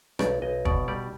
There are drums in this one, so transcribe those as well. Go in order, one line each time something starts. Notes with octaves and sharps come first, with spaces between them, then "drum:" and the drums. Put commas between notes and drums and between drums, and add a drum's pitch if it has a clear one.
B1 D5, drum: rim click
B1 D#5
B2 D5, drum: kick
G3 D5